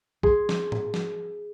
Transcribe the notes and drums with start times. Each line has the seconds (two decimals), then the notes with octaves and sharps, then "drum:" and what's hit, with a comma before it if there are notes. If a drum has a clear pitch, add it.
0.23 G#4 C6, drum: kick A#1
0.49 drum: snare
0.72 drum: tom G#2
0.94 drum: snare